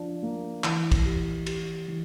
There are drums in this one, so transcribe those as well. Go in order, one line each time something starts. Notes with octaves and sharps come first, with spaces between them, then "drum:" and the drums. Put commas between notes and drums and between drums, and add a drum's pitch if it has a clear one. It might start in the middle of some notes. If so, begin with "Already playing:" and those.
Already playing: F3 D4
A#3
E3, drum: clap
drum: kick, cymbal
G4
G4, drum: cymbal
E3